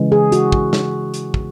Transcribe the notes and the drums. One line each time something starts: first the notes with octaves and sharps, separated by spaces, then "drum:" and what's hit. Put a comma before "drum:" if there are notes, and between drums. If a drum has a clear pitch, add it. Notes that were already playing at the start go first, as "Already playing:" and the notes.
Already playing: C#3 E3 G#3
G#4
F#4, drum: hi-hat
drum: kick
drum: snare
drum: hi-hat
drum: kick